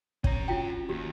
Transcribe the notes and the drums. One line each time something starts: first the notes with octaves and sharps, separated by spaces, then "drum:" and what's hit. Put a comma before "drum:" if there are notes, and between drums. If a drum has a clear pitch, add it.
C#4 C#5 A#5, drum: kick
E4 F4 G5
D#2 G4